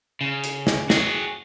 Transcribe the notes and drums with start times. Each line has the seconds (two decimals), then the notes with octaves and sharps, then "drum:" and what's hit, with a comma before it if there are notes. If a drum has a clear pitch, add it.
0.21 C#3
0.44 drum: hi-hat
0.67 drum: snare
0.90 F#4 G#4, drum: snare